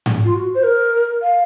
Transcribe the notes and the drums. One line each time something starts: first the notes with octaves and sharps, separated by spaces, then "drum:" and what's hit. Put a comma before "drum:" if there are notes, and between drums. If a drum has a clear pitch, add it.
drum: tom G#2
F4
F#4
C5
A#4
F5